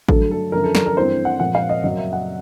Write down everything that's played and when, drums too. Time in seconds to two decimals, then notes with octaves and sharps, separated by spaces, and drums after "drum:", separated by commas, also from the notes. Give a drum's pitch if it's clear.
0.08 G2 D3 F#3 A3 A4, drum: kick A1
0.31 A4
0.52 F#2 D3 F3 A#4
0.64 A4
0.75 A#4, drum: snare
0.86 A#4
0.97 G2 E3 A3 C4 C5
1.25 F#5
1.40 A#2 F3 G#3 F#5
1.55 F5
1.69 D#5
1.84 F#2 C#3 F#3 A#3 D#5
1.98 E5
2.13 F#5